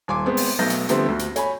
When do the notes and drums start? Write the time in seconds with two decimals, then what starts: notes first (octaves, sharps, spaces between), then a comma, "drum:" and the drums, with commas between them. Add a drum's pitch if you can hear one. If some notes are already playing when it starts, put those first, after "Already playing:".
0.08 D#1 G#5 C6 D6
0.26 G#3 B3 C4
0.37 drum: open hi-hat
0.59 B1 A3 B3 G6 A#6
0.70 drum: hi-hat
0.89 D3 F3 G3 A3 B3 C4, drum: hi-hat
1.09 D2
1.19 drum: hi-hat
1.36 C#5 G#5 B5, drum: hi-hat